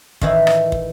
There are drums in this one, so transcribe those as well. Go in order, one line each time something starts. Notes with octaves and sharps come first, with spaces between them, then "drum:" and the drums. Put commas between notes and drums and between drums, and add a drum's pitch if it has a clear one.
A2 D#3 E3 E4, drum: kick
drum: rim click
drum: kick